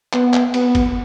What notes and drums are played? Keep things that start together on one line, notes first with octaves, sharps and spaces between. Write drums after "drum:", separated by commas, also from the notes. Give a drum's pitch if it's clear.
B3, drum: clap
drum: clap
B3, drum: cymbal
drum: kick G1, cymbal